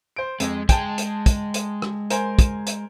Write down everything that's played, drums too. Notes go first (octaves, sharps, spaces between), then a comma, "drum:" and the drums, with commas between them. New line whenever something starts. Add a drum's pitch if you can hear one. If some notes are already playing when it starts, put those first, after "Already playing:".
C5 D7
F2 G#3, drum: hi-hat
G#3 G#4 G5 A5, drum: kick, hi-hat
drum: hi-hat
drum: kick, hi-hat
drum: hi-hat
drum: rim click
A#4 C5 G#5, drum: hi-hat
drum: kick, hi-hat
drum: hi-hat